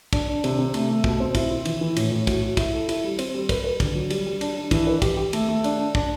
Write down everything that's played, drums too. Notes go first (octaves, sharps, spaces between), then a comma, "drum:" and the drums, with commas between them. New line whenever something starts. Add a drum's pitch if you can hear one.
D4, drum: kick, cymbal
D4
C3, drum: cymbal
C3
A3, drum: cymbal
A3
B2, drum: kick
C4
E4, drum: kick, cymbal
E4
E3, drum: cymbal
E3
A2, drum: cymbal
A2
F#4, drum: kick, cymbal
F#4
E4, drum: kick, cymbal
A4
E4, drum: cymbal
G3
C4, drum: cymbal
G3
B4, drum: kick, cymbal
B4
D3, drum: kick, cymbal
F#3
G3, drum: cymbal
G3
D4, drum: cymbal
D4
E3, drum: kick, cymbal
B4
G4, drum: kick, cymbal
G4
A3, drum: cymbal
A3
D4, drum: cymbal
D4
D4, drum: kick